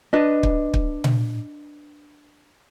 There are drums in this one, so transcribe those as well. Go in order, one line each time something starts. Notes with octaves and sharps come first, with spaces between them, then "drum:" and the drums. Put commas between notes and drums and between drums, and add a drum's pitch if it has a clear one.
D4 B4 D#5
drum: kick
drum: kick
drum: tom A#2